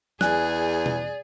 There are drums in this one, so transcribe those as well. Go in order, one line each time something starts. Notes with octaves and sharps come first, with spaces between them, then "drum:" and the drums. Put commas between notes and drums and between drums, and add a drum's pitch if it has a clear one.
E2 G#4 D5 G#5 F#6, drum: snare
drum: tom B2